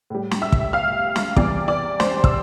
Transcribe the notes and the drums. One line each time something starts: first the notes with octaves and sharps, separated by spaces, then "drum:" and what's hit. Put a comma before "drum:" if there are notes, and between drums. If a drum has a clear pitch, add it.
A2 G3
drum: snare
E5 E6
drum: kick
F5 F6
drum: snare
E2 C3 E3 G3 D5 D6, drum: kick
D5 D6
C5 C6, drum: snare
E6, drum: kick